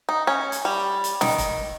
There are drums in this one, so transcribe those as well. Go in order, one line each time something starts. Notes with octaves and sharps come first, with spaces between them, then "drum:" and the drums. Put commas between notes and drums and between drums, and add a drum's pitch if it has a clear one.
D#4
C#4
drum: hi-hat
G3
drum: hi-hat
D#3, drum: snare
drum: kick E1, hi-hat